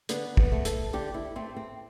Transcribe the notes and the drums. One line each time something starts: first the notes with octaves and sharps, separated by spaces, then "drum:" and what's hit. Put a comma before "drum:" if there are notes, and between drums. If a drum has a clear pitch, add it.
D3 B3, drum: hi-hat
B3, drum: kick
A3
A4, drum: hi-hat
D3 G4
E4
A3 C4
C4